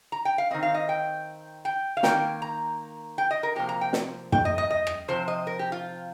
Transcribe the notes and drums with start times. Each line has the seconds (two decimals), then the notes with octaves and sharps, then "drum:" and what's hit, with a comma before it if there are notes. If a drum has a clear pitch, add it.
0.12 A#5
0.25 G5
0.38 F5
0.51 D#3 C4 D#5
0.63 F5
0.74 D#5
0.89 G5
1.65 G5
1.97 F5
2.03 D#3 A#3 G5, drum: snare
2.42 A#5
3.18 G5
3.31 D#5
3.43 A#4
3.56 C3 F3 A#3 G4
3.69 A#5
3.81 G5
3.93 drum: snare
4.32 G5, drum: tom
4.45 D#5
4.58 D#5
4.71 D#5
4.87 drum: rim click
5.08 C3 F3 C4 C5
5.28 D#5
5.47 A#4
5.59 G4
5.72 F4